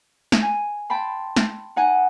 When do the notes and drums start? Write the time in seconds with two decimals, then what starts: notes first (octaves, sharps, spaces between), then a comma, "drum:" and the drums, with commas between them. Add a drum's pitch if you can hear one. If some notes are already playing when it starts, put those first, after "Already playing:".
0.32 drum: snare
0.42 G#5
0.90 G5 A5 B5 C6
1.36 drum: snare
1.76 D#4 F#5 G#5